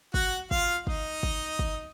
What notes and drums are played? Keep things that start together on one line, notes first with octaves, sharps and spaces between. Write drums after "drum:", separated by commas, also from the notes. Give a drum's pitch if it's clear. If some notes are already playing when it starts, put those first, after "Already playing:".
F#4 F#5, drum: kick
F4 F5, drum: kick
D#4 D#5, drum: kick
drum: kick
drum: kick